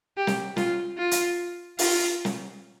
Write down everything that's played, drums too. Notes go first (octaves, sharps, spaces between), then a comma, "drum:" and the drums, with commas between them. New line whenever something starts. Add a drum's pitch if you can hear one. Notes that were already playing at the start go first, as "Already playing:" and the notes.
G4
drum: snare
F4, drum: snare
F4
drum: hi-hat
F4, drum: open hi-hat
drum: snare